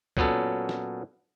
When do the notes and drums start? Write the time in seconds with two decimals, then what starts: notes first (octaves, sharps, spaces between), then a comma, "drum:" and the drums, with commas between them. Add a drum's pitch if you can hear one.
0.17 A#2 F#3 B3 C#4 A4, drum: kick
0.69 drum: snare